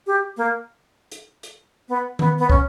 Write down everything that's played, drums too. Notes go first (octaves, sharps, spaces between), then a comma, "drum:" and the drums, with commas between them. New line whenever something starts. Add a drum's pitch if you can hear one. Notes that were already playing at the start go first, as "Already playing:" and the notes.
G4
A#3
drum: hi-hat
drum: hi-hat
B3
B3, drum: tom D#3
B3
C#4, drum: kick